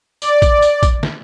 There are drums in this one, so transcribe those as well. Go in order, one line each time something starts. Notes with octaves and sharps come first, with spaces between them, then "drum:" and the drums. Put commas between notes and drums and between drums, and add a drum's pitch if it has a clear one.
D5, drum: tambourine
drum: kick, tambourine
drum: tambourine
drum: kick, tambourine
drum: snare